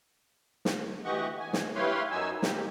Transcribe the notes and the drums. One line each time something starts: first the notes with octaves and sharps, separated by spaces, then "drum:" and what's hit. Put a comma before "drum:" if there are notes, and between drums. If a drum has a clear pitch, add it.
drum: snare
D2 E3 G4 D#5 F#5 C#6
E2 G#5
drum: snare
E4 G4 B4 C#5 F5 C6
F#2 F#3 D#4 G#5 E6
G4, drum: snare